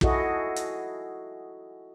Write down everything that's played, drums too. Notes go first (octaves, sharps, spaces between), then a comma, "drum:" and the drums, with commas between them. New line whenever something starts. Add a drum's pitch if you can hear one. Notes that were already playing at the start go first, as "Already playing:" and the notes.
E4 F#4 G#4 A4 D#5, drum: kick
drum: hi-hat